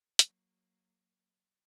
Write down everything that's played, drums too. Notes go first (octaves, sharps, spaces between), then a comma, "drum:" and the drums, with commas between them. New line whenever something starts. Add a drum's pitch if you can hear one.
F#3 A#3, drum: hi-hat